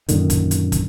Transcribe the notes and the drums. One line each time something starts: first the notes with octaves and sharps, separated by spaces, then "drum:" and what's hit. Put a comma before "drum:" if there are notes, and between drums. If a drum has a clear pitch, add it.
F#2 A#2 D3 D#3, drum: hi-hat
drum: kick, hi-hat
drum: hi-hat
drum: kick, hi-hat